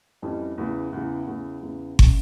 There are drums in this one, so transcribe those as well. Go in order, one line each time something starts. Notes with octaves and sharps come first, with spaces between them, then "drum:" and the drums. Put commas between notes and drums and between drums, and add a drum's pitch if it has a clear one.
F2 E3 G3 C#4
E2 C#3 E3
E2 C#3 E3
E2 C#3 E3
E2 C#3 E3
C#3, drum: kick